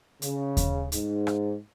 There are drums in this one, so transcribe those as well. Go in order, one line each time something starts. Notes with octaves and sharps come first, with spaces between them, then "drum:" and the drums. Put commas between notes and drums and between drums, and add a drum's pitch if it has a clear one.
C#3, drum: hi-hat
drum: kick D#2, hi-hat
G#2, drum: hi-hat
drum: rim click